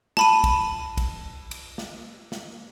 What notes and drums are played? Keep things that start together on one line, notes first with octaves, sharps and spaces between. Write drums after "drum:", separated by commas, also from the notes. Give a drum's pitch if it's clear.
A5 B5 D#7, drum: snare
drum: kick, cymbal
drum: kick, cymbal
drum: cymbal
drum: snare
drum: snare